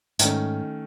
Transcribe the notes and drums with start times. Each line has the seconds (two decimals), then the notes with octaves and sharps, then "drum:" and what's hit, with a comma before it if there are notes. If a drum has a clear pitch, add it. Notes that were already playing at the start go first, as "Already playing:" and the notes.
0.19 G#2 D#3 A3 C#4, drum: hi-hat